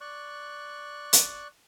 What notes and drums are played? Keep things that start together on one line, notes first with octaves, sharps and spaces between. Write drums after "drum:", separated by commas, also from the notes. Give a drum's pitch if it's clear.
D5 C#6 F#6
drum: hi-hat